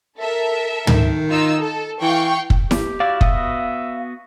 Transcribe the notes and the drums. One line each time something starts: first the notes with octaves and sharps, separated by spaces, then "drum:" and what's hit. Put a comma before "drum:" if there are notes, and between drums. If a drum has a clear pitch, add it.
A4 A#4 E5
D#3, drum: tom
D#4 F4 E6
A4
E3 F5 G5 C#6
drum: kick
G4, drum: snare E4
E4 F#4 D5 F5
B3 F#4 D#5 E5, drum: kick